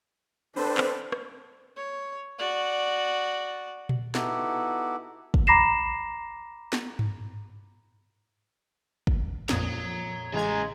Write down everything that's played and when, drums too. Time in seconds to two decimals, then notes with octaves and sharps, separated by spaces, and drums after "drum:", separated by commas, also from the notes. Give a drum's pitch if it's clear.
0.56 C4 D4 A4 B4 C5
0.78 drum: clap
1.12 drum: rim click
1.77 C#5
2.38 F#4 D5
3.89 drum: tom A#2
4.15 B3 D#4 E4 F#4 G4 A4, drum: snare
5.34 drum: kick
5.47 A#5 B5 D6 A#6 C7 E7
6.73 drum: snare
6.99 drum: tom G2
9.07 drum: kick
9.49 F2 A#2 C#5 A#5 D#6, drum: snare
10.33 A1 C#3 G#3 A#5 G#6